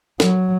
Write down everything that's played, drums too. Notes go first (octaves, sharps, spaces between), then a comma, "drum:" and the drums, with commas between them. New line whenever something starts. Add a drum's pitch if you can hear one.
F#3, drum: snare